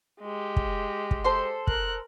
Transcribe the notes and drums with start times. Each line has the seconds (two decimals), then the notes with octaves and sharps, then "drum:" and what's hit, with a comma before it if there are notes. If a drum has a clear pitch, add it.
0.21 G#3 G4
0.56 drum: kick
1.11 drum: kick
1.24 A4 C5 C6
1.67 A#4 F#6, drum: kick